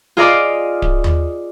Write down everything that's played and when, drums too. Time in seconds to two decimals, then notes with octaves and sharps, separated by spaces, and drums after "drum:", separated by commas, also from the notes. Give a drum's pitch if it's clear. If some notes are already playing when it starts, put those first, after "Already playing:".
0.17 F4 G#4 D5 D#5 F5 B5
0.82 drum: kick D1
1.04 drum: tom D#2